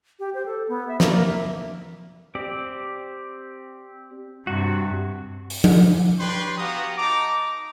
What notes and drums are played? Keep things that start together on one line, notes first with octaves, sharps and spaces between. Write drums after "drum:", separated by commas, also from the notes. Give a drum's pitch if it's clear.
G4
C5
A4
B3
E5
A#3, drum: snare
A#3
E5
C4 G4 D5
G2 C3 F#4 C#6
drum: open hi-hat
drum: tom F3
D4 G4 B4 C#5 G5 C6
B3 F#4 G4 F5 A#5 D#6
D#4 A5 A#5 D6